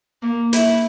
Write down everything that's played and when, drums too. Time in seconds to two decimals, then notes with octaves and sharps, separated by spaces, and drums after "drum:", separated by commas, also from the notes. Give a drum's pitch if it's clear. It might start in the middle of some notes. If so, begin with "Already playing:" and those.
0.22 A#3
0.53 E4, drum: hi-hat